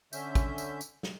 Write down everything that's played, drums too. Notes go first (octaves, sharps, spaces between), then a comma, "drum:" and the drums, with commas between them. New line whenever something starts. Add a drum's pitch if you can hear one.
D3 C#4 E5 G6, drum: tambourine
drum: kick, tambourine
drum: tambourine
drum: tambourine
drum: snare